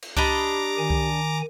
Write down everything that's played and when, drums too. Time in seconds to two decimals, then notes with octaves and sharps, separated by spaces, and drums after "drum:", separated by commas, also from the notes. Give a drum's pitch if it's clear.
0.02 drum: cymbal
0.17 D4 G4 D#5 A#5 B5 D6, drum: kick C2
0.78 D#3 G#5
0.90 drum: kick C2